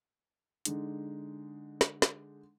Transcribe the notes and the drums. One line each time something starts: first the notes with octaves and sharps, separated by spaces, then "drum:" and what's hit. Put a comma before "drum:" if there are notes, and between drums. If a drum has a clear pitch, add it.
D3 G#3 D#4, drum: hi-hat
drum: snare
drum: snare